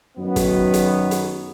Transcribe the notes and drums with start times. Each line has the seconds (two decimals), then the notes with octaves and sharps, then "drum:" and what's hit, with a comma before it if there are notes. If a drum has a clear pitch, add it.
0.17 F#2 D#3 F#3 B3
0.36 drum: kick, hi-hat
0.74 drum: hi-hat
1.11 drum: hi-hat